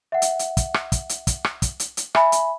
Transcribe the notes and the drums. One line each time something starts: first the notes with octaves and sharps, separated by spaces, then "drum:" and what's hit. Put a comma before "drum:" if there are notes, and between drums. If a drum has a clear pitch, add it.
E5 F#5
drum: hi-hat
drum: hi-hat
drum: kick, hi-hat
drum: rim click
drum: kick, hi-hat
drum: hi-hat
drum: kick, hi-hat
drum: rim click
drum: kick, hi-hat
drum: hi-hat
drum: hi-hat
E5 G#5 B5, drum: rim click
drum: hi-hat